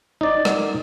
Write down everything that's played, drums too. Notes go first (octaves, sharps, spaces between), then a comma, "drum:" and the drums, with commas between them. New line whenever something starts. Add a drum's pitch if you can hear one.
D#4 D5
drum: rim click